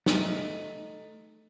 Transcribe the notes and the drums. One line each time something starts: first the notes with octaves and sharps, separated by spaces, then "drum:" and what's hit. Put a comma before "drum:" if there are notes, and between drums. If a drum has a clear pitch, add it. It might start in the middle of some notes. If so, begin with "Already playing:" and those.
A3 D#4, drum: snare